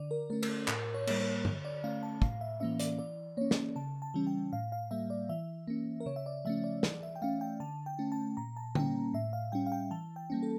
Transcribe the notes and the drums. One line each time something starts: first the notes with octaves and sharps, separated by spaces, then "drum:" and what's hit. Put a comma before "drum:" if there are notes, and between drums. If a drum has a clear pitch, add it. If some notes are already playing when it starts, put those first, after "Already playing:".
Already playing: D3 D5
A#4
A3 C#4 A#4
A#4, drum: cymbal
A4
A2 A#4, drum: clap
C#5
G3 A#3 A#4, drum: cymbal
C#5
D3 C#5, drum: tom G2
D5
A3 C#4 F5
A5
A2 F5, drum: kick
E5
E3 A#3 C#4 E5
D5, drum: hi-hat
E3 D5
A#3 C#4 C#5
drum: snare
C#3 A5
A5
E3 G3 C#4
G5
A2 F5
F5
G3 A#3 E5
D5
E3 E5
A#3 C#4
A#4
C#3 C#5
E5
D5
F3 A3 C#4 E5
D5
E3 D5, drum: snare
E5
G5
A3 C#4 F5
G5
D3 A5
G5
A3 C#4
A5
A#2 A#5
A5
G3 A#3 C#4 G5, drum: tom D3
A2 E5
F5
G3 C#4 G5
F5
G5
E3 A5
G5
G3 A#3 C#4
A4